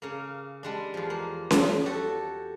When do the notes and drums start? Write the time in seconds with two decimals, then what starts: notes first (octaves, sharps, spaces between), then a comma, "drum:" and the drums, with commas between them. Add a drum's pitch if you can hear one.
0.02 C#3 A#3
0.63 G3 G#3 D4
0.94 E2 F3
1.10 A#3
1.51 drum: snare C#4
1.86 F#4 G4 A4